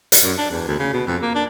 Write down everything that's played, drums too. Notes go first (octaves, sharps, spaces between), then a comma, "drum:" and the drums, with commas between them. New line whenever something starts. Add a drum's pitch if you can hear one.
drum: hi-hat
F#2
D4
E2
D2
C#3
B2
F2
A#3
D4